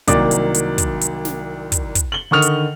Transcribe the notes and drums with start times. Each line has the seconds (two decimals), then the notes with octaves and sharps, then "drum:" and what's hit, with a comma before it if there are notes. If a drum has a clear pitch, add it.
0.08 C2 D#3 F#3 A#3 D5 D6, drum: kick, hi-hat
0.31 drum: hi-hat
0.54 drum: hi-hat
0.78 drum: kick, hi-hat
1.01 drum: hi-hat
1.25 drum: snare
1.72 drum: kick, hi-hat
1.95 drum: kick, hi-hat
2.12 F#7 G7
2.31 D3 D#3 C#6 D#6 F6 F7
2.42 drum: hi-hat